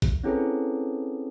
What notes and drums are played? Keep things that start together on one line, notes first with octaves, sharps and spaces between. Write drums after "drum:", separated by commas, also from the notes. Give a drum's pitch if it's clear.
drum: kick
C4 C#4 E4 G#4 A4 B4